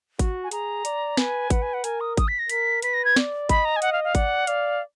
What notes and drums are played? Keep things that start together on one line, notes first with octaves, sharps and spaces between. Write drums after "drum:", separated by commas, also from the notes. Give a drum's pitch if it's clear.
F#4, drum: kick G#1, hi-hat
G#5
G#4 A#5, drum: hi-hat
D5, drum: hi-hat
B4 G#5, drum: snare
B4 F#5, drum: kick G#1, hi-hat
G#5
F#5
A#4 G#5, drum: hi-hat
D#6
D#6, drum: kick G#1, hi-hat
B6
A#6
A#4 B6, drum: hi-hat
B4 B6, drum: hi-hat
A#6
G#6
D5, drum: snare
D#5 B5, drum: kick G#1, hi-hat
A#5
G#5
F#5, drum: hi-hat
F5
F5
D5 F#5, drum: kick G#1, hi-hat
D5 F5, drum: hi-hat